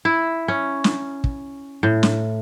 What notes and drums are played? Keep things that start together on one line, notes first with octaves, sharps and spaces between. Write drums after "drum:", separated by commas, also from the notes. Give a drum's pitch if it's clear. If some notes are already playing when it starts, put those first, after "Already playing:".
E4
C#4
drum: snare
drum: kick
A2
drum: snare